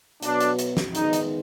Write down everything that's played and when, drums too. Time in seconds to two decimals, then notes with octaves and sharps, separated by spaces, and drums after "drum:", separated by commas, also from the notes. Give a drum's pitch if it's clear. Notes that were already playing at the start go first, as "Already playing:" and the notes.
0.22 B2 F#3 B3 D4, drum: hi-hat
0.40 drum: hi-hat
0.59 drum: hi-hat
0.77 drum: snare
0.95 D#3 G#3 B3 D#4, drum: hi-hat
1.13 drum: hi-hat